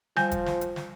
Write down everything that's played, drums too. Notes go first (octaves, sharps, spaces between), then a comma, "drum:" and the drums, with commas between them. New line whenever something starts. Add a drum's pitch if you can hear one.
F3 G3 G#5 G6, drum: snare
drum: kick, hi-hat
drum: snare
drum: hi-hat
drum: snare